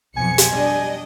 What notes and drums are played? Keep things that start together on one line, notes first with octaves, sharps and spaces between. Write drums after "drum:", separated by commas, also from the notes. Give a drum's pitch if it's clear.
B1 F2 G#5 C#7
drum: hi-hat
G3 D4 D#5